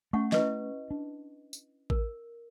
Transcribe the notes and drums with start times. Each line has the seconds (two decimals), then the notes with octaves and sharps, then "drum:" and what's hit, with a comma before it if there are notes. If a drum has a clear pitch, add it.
0.13 A3 C#4 F#5 C#6
0.32 E4 B4 D#5, drum: snare
0.91 D4
1.53 drum: tambourine
1.90 A#4, drum: kick A1